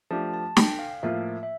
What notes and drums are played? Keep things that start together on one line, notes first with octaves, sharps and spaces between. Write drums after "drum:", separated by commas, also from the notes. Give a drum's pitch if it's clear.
F3 A3 D4 G4 A5
A5
G5, drum: snare
F5
A2 F3 A#3 F4 E5
E5